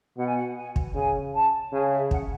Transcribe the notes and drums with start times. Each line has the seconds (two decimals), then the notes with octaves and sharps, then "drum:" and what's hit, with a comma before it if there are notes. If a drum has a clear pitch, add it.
0.17 B2 F#5
0.26 G#5
0.35 F#5
0.57 G#5
0.76 drum: kick
0.95 C#3 G#5
1.34 A5
1.73 C#3 G#5
1.92 E5
2.11 F#5, drum: kick